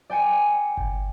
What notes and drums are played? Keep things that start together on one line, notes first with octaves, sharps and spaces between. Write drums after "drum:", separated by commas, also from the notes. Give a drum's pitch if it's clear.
D5 G5 G#5 C#7
drum: kick G1